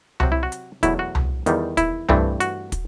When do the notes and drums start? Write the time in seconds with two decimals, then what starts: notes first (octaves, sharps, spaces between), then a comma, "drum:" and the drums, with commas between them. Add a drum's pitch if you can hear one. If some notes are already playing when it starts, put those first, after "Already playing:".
0.20 C3 F#3 C4 F#4, drum: tom C2
0.32 E4
0.43 F#4
0.52 drum: hi-hat
0.83 E2 B2 F#3 A3 E4, drum: kick, hi-hat
0.99 F#4
1.15 drum: tom C2
1.46 E2 D#3 G3, drum: hi-hat
1.77 E4, drum: kick, hi-hat
2.09 G2 E3 A3 C4, drum: tom C2
2.40 F#4, drum: hi-hat
2.72 drum: kick, hi-hat